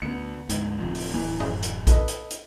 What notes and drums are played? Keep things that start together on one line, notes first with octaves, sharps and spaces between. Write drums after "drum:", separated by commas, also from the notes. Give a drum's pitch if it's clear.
D2 B3 C#7
D2 G#2, drum: hi-hat
D1 C3 F3
drum: open hi-hat
D1 E3
drum: tom F#2
drum: hi-hat
A4 B4 D#5, drum: kick A#1, hi-hat
drum: hi-hat
drum: hi-hat